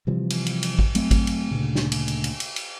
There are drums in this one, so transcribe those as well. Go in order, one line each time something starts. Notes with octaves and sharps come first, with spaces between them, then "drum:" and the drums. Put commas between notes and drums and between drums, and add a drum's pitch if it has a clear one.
C3 E3 F3 G3
drum: cymbal
drum: cymbal
drum: cymbal
drum: kick A1
F#3 A3 C4, drum: cymbal
drum: kick A1, cymbal
drum: cymbal
D2 A#2 C#3
drum: snare
drum: cymbal
drum: cymbal
drum: cymbal
drum: cymbal
drum: cymbal